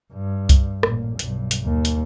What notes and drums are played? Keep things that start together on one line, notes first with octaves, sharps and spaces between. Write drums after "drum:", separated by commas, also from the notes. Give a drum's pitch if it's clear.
G2
drum: kick C2, hi-hat
A1 A#2, drum: rim click
B1 G2, drum: hi-hat
drum: hi-hat
D#2
drum: hi-hat